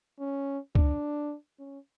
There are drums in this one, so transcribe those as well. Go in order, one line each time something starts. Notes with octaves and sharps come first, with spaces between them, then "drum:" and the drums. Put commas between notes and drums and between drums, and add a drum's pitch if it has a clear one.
C#4
D4, drum: kick C#2
C#4